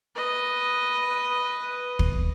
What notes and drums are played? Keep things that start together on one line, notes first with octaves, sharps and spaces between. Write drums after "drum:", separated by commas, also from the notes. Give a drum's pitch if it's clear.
B4 D#5
drum: kick